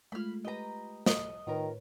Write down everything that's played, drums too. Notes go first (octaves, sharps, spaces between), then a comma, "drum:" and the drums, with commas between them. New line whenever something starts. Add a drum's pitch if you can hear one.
G#3 A3 F4 B5 F6
G4 B4 D#5 A#5
D#5, drum: snare
A2 D#3 F4 A#4 B4 C#5